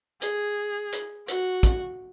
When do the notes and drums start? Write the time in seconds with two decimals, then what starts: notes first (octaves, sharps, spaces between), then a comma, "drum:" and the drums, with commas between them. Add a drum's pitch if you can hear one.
0.22 G#4, drum: hi-hat
0.92 drum: hi-hat
1.28 F#4, drum: hi-hat
1.63 drum: kick, hi-hat